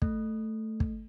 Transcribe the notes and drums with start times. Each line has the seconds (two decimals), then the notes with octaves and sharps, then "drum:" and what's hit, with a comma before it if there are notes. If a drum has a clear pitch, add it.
0.02 A3, drum: kick
0.80 drum: kick